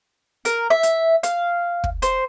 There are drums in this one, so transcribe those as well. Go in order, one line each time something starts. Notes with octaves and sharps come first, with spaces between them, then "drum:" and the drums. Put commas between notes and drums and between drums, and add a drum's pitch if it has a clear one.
A#4, drum: hi-hat
E5
drum: hi-hat
F5, drum: hi-hat
drum: kick
C5, drum: hi-hat